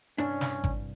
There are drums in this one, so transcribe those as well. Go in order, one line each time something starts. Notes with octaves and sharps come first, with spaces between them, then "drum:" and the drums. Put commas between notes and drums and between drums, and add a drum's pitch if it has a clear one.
C2 G2 C#4 D4, drum: hi-hat
drum: snare
drum: kick G#1, hi-hat